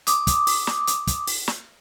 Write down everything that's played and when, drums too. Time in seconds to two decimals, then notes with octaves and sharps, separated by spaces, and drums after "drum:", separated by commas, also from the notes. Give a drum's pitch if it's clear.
0.07 D6 D#6, drum: hi-hat
0.27 drum: kick, hi-hat
0.47 drum: open hi-hat
0.67 drum: snare
0.87 drum: hi-hat
1.07 drum: kick, hi-hat
1.27 drum: open hi-hat
1.48 drum: snare